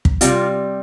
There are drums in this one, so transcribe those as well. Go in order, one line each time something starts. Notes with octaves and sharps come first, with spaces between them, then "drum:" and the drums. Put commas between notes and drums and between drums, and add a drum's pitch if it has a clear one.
drum: kick
C3 G3 F4, drum: hi-hat